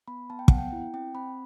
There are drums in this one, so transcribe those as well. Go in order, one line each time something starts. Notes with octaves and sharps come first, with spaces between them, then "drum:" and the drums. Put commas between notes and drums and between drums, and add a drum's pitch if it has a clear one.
B3 B5
B3 A5
G5
B3 F#5, drum: kick
G5
E4
C4 G5
C4 B5